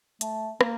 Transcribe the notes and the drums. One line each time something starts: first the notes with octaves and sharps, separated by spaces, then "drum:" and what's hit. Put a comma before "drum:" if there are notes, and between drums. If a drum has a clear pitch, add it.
A3, drum: hi-hat
A#3, drum: rim click